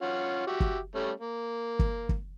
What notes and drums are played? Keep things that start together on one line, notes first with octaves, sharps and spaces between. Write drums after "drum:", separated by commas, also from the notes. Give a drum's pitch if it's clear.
C#4 F4 F#5
F#4 G4 E5
drum: kick
G3 A3 C#4
A#3
drum: kick
drum: kick